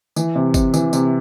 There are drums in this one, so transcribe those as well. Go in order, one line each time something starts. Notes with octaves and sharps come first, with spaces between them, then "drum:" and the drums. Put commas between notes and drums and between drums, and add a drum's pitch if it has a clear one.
E3, drum: tambourine
C3
C3, drum: kick G1, tambourine
E3, drum: tambourine
C3, drum: tambourine